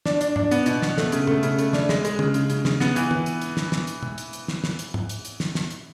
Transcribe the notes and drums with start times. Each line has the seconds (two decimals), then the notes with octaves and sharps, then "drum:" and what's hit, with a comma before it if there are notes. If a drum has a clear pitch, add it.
0.05 D4, drum: snare
0.21 D4, drum: hi-hat
0.36 D4, drum: tom
0.51 B3, drum: hi-hat
0.66 B2, drum: hi-hat
0.82 B3, drum: snare
0.98 A3, drum: snare
1.12 C#3, drum: hi-hat
1.27 A3, drum: tom
1.43 C#3, drum: hi-hat
1.58 A3, drum: hi-hat
1.73 D4, drum: snare
1.89 G#3, drum: snare
2.05 G#3, drum: hi-hat
2.19 C#3, drum: tom
2.34 C#3, drum: hi-hat
2.50 C#3, drum: hi-hat
2.65 C#3, drum: snare
2.80 B3, drum: snare
2.96 E3, drum: hi-hat
3.11 drum: tom
3.26 drum: hi-hat
3.41 drum: hi-hat
3.57 drum: snare
3.72 drum: snare
3.87 drum: hi-hat
4.03 drum: tom
4.18 drum: hi-hat
4.33 drum: hi-hat
4.48 drum: snare
4.64 drum: snare
4.79 drum: hi-hat
4.94 drum: tom
5.09 drum: hi-hat
5.25 drum: hi-hat
5.40 drum: snare
5.55 drum: snare
5.71 drum: hi-hat